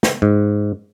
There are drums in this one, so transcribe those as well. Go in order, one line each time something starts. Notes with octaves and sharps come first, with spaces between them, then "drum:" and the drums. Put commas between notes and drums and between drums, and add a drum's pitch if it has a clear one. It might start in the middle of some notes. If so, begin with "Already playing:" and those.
drum: snare
G#2